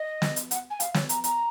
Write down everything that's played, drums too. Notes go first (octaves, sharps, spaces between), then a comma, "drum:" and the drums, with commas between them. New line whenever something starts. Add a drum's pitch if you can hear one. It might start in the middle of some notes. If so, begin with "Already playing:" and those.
Already playing: D#5
drum: snare
drum: hi-hat
F#5, drum: hi-hat
G#5
F5, drum: hi-hat
C#5, drum: snare
A#5, drum: hi-hat
A#5, drum: hi-hat